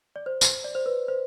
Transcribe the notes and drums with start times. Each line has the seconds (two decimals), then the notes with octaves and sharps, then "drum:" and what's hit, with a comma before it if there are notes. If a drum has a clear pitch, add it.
0.16 D5
0.26 C5
0.41 drum: tambourine
0.64 D5
0.75 C5
0.86 B4
1.08 C5